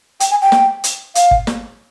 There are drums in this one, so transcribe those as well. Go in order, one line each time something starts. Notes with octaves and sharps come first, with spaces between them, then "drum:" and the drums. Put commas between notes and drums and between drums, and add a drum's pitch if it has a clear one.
G5, drum: hi-hat
G#5
G5
drum: snare
drum: hi-hat
F5, drum: hi-hat
drum: kick
drum: snare